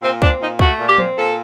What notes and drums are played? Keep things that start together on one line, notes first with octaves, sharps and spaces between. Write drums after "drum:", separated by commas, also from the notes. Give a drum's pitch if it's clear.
A#2 C4
C4 D4, drum: kick C#2
A#2 D#4
A3 F#4, drum: kick C#2
A#2
G4
C4, drum: tom
A#2 A4